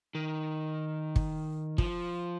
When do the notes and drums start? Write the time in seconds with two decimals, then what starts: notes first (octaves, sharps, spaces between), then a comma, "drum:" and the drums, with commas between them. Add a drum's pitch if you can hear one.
0.15 D#3
1.16 drum: kick
1.78 F3, drum: kick